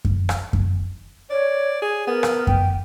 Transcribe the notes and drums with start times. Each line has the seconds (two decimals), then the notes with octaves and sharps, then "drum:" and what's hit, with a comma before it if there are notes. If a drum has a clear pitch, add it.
0.05 drum: kick F#2
0.29 drum: rim click
0.53 drum: kick F#2
1.30 C#5 D5
1.82 G#4
2.07 B3 A#4
2.23 drum: rim click
2.47 G5, drum: kick F#2